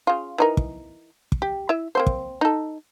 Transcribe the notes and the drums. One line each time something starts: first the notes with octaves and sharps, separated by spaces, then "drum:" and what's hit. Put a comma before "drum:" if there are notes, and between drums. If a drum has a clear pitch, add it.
C#3 F4
E3 D#4 A#4
drum: kick
drum: kick
G4
E4 E5
A#3 C4 C5
drum: kick
D#4 A4